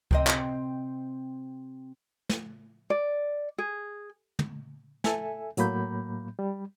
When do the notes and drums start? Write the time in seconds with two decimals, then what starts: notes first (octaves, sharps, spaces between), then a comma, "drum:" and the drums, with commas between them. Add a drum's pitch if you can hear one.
0.11 C3 C4 D#5, drum: kick C#2
0.27 drum: clap
2.29 drum: snare
2.90 D5
3.58 G#4
4.39 drum: tom
5.04 A4 E5 G#5, drum: snare
5.57 A2 F#3 A#3 B5 G6, drum: hi-hat
6.39 G3